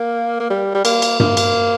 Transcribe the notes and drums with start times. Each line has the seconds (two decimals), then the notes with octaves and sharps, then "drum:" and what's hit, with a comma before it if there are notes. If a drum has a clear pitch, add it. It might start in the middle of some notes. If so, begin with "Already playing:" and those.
Already playing: A#3
0.40 A#3
0.50 G3
0.75 G3
0.85 A#3, drum: cymbal
1.02 drum: cymbal
1.20 A#3, drum: tom G2
1.37 drum: cymbal